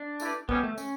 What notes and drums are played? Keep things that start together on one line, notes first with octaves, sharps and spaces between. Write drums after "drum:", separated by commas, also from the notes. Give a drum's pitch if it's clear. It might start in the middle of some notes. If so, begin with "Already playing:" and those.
Already playing: D4
A3 E4 G4 B4, drum: tambourine
B2 G3 B3 C#4, drum: kick
A3
C#4, drum: tambourine